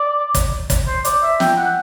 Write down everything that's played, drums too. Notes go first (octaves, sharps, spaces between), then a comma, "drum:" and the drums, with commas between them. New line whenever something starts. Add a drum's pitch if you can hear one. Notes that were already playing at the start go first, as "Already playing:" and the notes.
Already playing: D5
drum: kick, hi-hat
drum: kick, hi-hat
C5
D5, drum: hi-hat
E5
G5, drum: snare
F#5